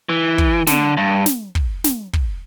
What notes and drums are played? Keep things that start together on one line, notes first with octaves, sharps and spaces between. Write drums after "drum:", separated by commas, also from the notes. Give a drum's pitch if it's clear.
E3
drum: kick
D3, drum: snare
G2
drum: snare
drum: kick
drum: snare
drum: kick